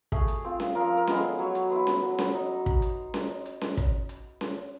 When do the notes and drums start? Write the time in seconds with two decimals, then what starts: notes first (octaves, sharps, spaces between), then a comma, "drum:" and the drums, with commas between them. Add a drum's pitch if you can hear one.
0.12 A3 G#4, drum: kick
0.28 drum: hi-hat
0.44 C4 F4
0.60 drum: snare C#4
0.75 F3 A#4
0.97 A#4
1.07 G#3 B3 E4, drum: snare C#4
1.17 A4
1.39 F#3 C#5
1.55 drum: hi-hat
1.70 B3 E4 C5
1.87 drum: snare C#4
2.02 F#3
2.19 drum: snare C#4
2.34 D#4
2.66 drum: kick
2.82 drum: hi-hat
3.14 drum: snare C#4
3.46 drum: hi-hat
3.61 drum: snare C#4
3.77 drum: kick, hi-hat
4.09 drum: hi-hat
4.41 drum: snare C#4